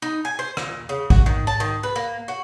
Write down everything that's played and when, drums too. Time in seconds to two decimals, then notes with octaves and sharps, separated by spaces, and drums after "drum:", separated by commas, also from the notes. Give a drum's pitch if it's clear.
0.02 D#4
0.25 G#5
0.39 C5
0.57 A#2, drum: rim click
0.89 C#3
1.10 F#4, drum: kick A1
1.26 D#3
1.47 A5
1.60 D#3
1.83 B4
1.96 A#3
2.28 F#4